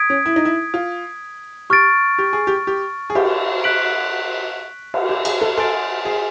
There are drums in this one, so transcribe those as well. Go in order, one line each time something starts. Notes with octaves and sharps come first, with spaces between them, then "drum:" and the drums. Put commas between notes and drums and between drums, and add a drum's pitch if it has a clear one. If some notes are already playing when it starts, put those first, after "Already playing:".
Already playing: D#6 G#6 B6 D7
C#4
E4
D#4
E4
F4
G4 C#6 F6 A6 D7
G4
G#4
G4
G4
G#4
G4, drum: cymbal
F#6 B6 D7 F#7
drum: cymbal
G4
G#4, drum: cymbal
A4
A4 G#5 C6 F6 A6 D7
G#4